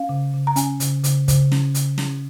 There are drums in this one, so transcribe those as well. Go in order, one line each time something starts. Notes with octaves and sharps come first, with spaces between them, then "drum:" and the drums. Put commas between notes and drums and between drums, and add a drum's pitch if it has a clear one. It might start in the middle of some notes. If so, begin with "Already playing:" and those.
Already playing: C#4 F5
C#3
C#3
A#5
C#4 G#5, drum: hi-hat
C#3, drum: hi-hat
C#3, drum: hi-hat
C#3, drum: kick, hi-hat
C#4, drum: snare
C#3, drum: hi-hat
C#4, drum: snare